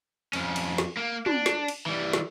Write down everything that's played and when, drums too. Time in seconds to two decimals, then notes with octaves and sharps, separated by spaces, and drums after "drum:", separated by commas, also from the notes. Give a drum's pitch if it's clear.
0.33 F2 C#4, drum: cymbal
0.56 drum: cymbal
0.78 drum: snare
0.97 A#3
1.26 D4, drum: tom
1.46 drum: snare
1.68 drum: cymbal
1.86 E3 G3
2.13 drum: snare